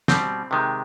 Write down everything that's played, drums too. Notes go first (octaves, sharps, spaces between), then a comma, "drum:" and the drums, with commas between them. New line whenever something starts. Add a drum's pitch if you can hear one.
B2 G3 C4, drum: snare
C3 D#3 G#3